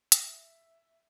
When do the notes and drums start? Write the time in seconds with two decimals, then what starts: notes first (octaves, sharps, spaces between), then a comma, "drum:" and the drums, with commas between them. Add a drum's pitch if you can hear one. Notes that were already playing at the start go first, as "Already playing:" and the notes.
0.12 E5, drum: hi-hat